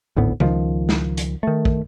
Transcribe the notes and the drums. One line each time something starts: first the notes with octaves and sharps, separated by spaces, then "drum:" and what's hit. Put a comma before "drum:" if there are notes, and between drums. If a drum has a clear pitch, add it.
G#1 D2 A2 B3
C#2 D#3 F3, drum: tom C#3
drum: snare
drum: hi-hat
D#3 A3
drum: kick